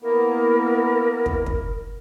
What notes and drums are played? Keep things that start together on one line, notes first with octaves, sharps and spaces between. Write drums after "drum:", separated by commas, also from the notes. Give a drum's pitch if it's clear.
A#3 B3 E4 A#4
drum: kick
drum: kick